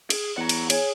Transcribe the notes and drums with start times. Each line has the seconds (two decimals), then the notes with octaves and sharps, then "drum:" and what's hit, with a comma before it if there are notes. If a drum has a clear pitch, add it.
0.10 G#4, drum: cymbal
0.37 E2 F#5 A#5 C#7
0.49 drum: cymbal
0.70 G#4 C#5 G#5, drum: cymbal